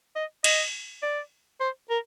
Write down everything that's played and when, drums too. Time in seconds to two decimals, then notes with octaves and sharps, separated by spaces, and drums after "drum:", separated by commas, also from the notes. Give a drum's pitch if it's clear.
0.16 D#5
0.44 D#5, drum: cymbal
1.03 D5
1.61 C5
1.90 A#4